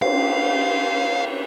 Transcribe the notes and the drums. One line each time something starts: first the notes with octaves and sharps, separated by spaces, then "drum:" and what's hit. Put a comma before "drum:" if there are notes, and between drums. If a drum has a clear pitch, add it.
F5, drum: cymbal